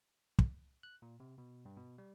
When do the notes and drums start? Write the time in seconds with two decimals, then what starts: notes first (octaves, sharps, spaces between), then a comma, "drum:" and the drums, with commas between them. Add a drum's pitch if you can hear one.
0.39 drum: kick
0.83 F#6
1.02 A#2
1.20 C3
1.38 B2
1.65 G2
1.77 B2
1.98 G3